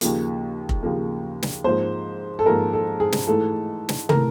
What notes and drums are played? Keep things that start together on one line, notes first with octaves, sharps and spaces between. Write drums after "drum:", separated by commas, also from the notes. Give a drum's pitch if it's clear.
D#2 C#3 F3 A#3, drum: hi-hat
drum: kick F1
D#2 C#3 F3 A#3
drum: snare
G#2 F3 A#3 C5
A4
G#2 F3 A#3 A#4
A4
G#4
drum: snare
G#2 E3 A3 A4
drum: snare
E3 A3 A#4, drum: tom